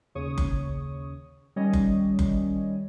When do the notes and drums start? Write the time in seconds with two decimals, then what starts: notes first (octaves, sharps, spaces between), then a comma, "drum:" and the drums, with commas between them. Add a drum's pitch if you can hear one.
0.15 D#2 C#3 C#5 C#6 D#6
0.38 drum: kick F#1
1.56 D#3 G3 C#4 C#5 D#5
1.73 drum: kick F#1
2.19 drum: kick F#1